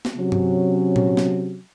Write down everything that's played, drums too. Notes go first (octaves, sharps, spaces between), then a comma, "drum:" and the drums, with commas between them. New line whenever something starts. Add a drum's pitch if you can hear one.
drum: snare
C3 F#3 C#4
drum: tom G2
drum: tom A#2
drum: snare